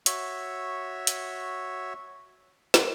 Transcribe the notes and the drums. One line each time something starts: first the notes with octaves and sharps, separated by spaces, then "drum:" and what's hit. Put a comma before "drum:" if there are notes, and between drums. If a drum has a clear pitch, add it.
F#4 C#5 E5, drum: hi-hat
drum: hi-hat
drum: snare